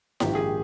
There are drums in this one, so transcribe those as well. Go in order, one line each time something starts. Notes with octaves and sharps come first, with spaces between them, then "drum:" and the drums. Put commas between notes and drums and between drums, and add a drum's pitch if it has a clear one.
A#1 G#2 D#3 G4, drum: snare E4
G#4